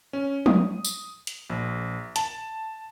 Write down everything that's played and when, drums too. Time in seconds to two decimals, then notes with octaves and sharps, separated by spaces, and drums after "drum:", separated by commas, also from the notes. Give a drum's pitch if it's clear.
0.13 C#4
0.46 D#6, drum: tom F3
0.84 drum: tambourine
1.27 drum: hi-hat
1.50 A#1
2.16 A5, drum: hi-hat